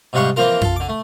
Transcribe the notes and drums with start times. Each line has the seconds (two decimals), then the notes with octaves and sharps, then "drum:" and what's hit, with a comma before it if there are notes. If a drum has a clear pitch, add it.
0.13 G#2 C3 G3 F4 F#5 C#6
0.36 E3 F3 A#3 C4 F4 A#4
0.61 F4 A4, drum: tom F2
0.76 D3 D6
0.89 A3